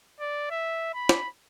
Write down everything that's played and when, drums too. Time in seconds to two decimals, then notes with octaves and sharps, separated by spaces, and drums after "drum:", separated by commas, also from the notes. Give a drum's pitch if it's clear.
0.20 D5
0.51 E5
0.94 B5
1.09 drum: snare